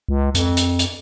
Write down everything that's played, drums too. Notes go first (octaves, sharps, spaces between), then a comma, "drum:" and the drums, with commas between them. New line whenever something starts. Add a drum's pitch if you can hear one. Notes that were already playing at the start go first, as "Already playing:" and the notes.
C#2
F2, drum: hi-hat
drum: hi-hat
drum: hi-hat